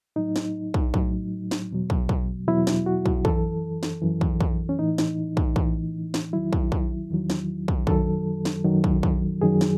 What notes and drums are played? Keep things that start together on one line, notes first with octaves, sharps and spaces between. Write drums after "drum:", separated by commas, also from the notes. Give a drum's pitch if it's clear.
A2 F#3 D#4
drum: snare
drum: kick
A2 F#3, drum: kick
drum: snare
E2 B2 F#3
drum: kick
drum: kick
E2 B2 F#3 E4
drum: snare
F#4
drum: kick
F#2 E3 A4, drum: kick
drum: snare
F#2 E3
drum: kick
drum: kick
C#4
A2 E3 D#4
drum: snare
drum: kick
A2 E3, drum: kick
drum: snare
E2 D#3 F#3 E4
drum: kick
drum: kick
E2 D#3 F#3
drum: snare
drum: kick
F#2 D#3 F#3 A4, drum: kick
drum: snare
F#2 D#3 F#3
drum: kick
drum: kick
F#2 D#3 F#3 G#4
drum: snare